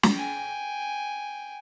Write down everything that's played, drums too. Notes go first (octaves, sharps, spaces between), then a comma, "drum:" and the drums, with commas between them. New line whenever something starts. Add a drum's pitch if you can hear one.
drum: snare
G5 G#5